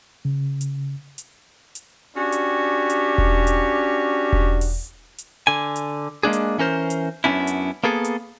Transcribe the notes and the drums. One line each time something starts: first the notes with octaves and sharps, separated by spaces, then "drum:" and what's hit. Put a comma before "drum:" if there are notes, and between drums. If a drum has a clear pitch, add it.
C#3
drum: hi-hat
drum: hi-hat
drum: hi-hat
C#4 D4 F#4 G4
drum: hi-hat
drum: hi-hat
drum: kick E1
drum: hi-hat
drum: kick E1
drum: open hi-hat
drum: hi-hat
D3 G#5
drum: hi-hat
G#3 A#3 D4 G#4
drum: hi-hat
E3 C#4 A#4 C5
drum: hi-hat
F#2 A#3 B3 C#4 D4 E4
drum: hi-hat
A#3 B3 G#4 A4
drum: hi-hat